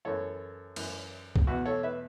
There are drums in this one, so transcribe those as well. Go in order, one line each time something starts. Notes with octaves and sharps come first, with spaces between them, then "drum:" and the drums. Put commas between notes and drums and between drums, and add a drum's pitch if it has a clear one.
F#2 E3 A4 C#5
F#2 E3, drum: cymbal
drum: kick C2
E2 B2 F#4 B4
A4 C#5
B4 E5